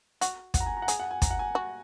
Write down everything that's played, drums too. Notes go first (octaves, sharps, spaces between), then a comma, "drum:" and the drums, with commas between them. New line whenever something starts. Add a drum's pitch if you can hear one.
F#4, drum: hi-hat
F#5, drum: kick, hi-hat
A#5
G#5
A#5
F#5
G#4 G#5, drum: hi-hat
F#5
G#5
A#5, drum: kick, hi-hat
F#5
G#5
F#4